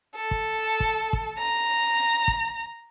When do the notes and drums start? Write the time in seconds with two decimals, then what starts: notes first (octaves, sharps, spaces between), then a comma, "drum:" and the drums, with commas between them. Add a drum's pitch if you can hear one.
0.15 A4
0.31 drum: kick
0.80 drum: kick
1.13 drum: kick
1.39 A#5
2.28 drum: kick